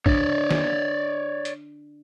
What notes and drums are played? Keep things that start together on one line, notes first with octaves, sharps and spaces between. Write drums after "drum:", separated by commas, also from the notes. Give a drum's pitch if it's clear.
D4 C#5 D5, drum: kick
drum: snare
drum: hi-hat